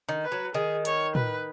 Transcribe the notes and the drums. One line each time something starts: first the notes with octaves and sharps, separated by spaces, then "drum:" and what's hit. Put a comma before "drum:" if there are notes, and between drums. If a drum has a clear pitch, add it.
D#3
B4
F#3
D#3 G#4
C#5, drum: hi-hat
B4, drum: tom